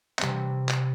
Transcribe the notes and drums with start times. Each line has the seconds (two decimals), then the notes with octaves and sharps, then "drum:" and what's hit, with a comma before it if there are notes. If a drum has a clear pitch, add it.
0.19 C3 G3 C4, drum: clap
0.69 drum: clap